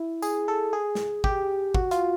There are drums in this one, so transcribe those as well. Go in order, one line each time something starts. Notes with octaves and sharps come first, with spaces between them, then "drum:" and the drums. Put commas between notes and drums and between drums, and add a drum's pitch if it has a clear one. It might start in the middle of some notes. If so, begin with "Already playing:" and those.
Already playing: E4
G#4, drum: tambourine
A4
G#4
drum: snare
G4, drum: kick
F#4, drum: kick
F4, drum: hi-hat